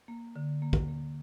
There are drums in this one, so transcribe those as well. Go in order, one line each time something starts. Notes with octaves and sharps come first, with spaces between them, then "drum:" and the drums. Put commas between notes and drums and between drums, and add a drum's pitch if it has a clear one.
A#3
D3
A#3
drum: kick
A#3